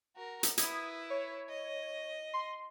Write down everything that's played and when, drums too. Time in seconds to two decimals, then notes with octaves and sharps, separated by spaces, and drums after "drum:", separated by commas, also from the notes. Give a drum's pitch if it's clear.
0.16 F#4 A#4
0.43 drum: hi-hat
0.58 E4 B4 D#6 G#6, drum: hi-hat
1.10 C#5
1.49 D#5
2.34 C6